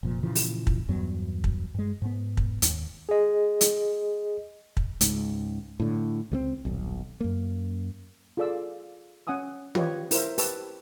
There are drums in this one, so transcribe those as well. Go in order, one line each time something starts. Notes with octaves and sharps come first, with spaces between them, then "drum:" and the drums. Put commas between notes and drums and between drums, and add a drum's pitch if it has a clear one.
F1 A#2 F3
A#2 C#3 E3 F3
drum: open hi-hat
drum: kick
E2 G2 F#3 B3
drum: kick
G2 G#3
G#2 B3
drum: kick
D#2, drum: hi-hat
G#4 D#5
drum: hi-hat
drum: kick
C#2 G#2, drum: hi-hat
A2 D3
C#2 G3 C4
D#1 B1
F#2 A#3
F4 G#4 A4 D5 F5 E6
C#4 F#5 G#5 D#6 E6
F4 G4 B4 C#5 D#5, drum: tom
E4 A#4 C5 E5, drum: open hi-hat
G4 B4 A5 C#6 E6, drum: open hi-hat